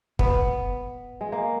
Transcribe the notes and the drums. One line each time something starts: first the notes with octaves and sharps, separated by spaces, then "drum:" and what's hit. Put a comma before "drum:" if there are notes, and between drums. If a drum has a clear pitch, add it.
B3, drum: kick
G#3
A#3